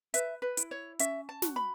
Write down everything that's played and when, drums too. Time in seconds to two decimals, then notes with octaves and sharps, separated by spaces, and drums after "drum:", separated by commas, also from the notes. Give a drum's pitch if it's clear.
0.14 B4 E5, drum: hi-hat
0.42 B4
0.57 E4, drum: hi-hat
0.71 C#5
0.99 C#4 E5, drum: hi-hat
1.29 A5
1.42 F#4, drum: snare
1.56 B5